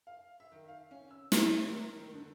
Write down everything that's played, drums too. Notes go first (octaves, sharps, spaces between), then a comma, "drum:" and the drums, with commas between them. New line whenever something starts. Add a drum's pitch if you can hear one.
F5
E5
D#3
F5
C#4
E6
A#5, drum: snare
C#5
A#4
D#3
D3